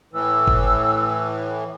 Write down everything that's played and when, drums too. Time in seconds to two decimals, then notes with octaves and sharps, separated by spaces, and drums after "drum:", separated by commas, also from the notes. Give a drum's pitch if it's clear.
0.13 A2 E3 E6
0.48 drum: kick G1